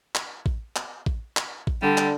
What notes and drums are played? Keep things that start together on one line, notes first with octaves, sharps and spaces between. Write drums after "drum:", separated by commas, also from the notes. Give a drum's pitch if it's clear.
drum: clap
drum: kick A1
drum: clap
drum: kick A1
drum: clap
drum: kick A1
D3 G3
drum: clap